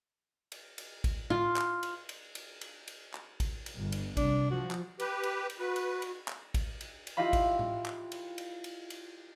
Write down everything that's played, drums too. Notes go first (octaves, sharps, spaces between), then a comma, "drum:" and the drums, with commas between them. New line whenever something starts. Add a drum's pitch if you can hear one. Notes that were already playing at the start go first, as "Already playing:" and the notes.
drum: cymbal
drum: cymbal
drum: kick A1, cymbal
F4, drum: tom A2
drum: clap
drum: cymbal
drum: cymbal
drum: cymbal
drum: cymbal
drum: cymbal
drum: clap
drum: kick A1, cymbal
drum: cymbal
G1
drum: cymbal
C2 D4, drum: kick A1, cymbal
F3 F#4
drum: clap
G4 B4, drum: cymbal
drum: cymbal
drum: cymbal
F#4 B4
drum: cymbal
drum: cymbal
drum: clap
drum: kick A1, cymbal
drum: cymbal
drum: cymbal
E4 F4 G4 D#5 F5 B5
drum: kick A1, cymbal
drum: tom A2
drum: clap
drum: cymbal
drum: cymbal
drum: cymbal
drum: cymbal